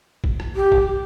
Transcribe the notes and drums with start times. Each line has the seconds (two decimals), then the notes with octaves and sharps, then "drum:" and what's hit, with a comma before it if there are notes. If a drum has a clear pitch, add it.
0.24 drum: kick
0.40 drum: rim click
0.55 G4
0.72 drum: kick